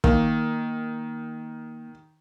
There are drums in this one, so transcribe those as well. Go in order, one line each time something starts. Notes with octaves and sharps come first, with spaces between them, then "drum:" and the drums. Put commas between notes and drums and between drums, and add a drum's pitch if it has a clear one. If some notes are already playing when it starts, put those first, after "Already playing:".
D#3 A#3, drum: kick